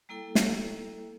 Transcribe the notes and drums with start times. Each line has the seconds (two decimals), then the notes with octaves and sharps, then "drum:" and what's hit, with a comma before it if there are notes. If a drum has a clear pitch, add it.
0.09 G3 A#3 E4 A4 G5
0.35 drum: snare